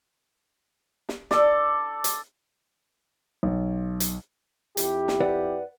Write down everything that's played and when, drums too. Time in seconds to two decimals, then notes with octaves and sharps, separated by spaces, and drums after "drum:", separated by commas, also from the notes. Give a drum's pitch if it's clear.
1.09 drum: snare
1.31 A4 D5, drum: snare
2.04 drum: hi-hat
3.43 B1
4.00 drum: hi-hat
4.77 F2 E4 G4, drum: hi-hat
5.08 drum: snare
5.20 B4 D5 F#5